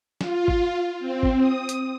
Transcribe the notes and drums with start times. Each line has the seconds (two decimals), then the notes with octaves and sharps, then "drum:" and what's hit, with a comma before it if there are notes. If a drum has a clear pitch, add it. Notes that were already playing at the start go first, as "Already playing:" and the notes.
0.21 F4, drum: snare
0.48 drum: kick
0.99 C4
1.23 drum: kick
1.40 D#6
1.69 drum: hi-hat